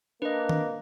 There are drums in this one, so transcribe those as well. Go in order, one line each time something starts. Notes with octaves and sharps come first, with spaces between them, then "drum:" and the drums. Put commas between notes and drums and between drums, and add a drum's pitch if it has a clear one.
A#3 D4 B4 D#5
drum: tom D#3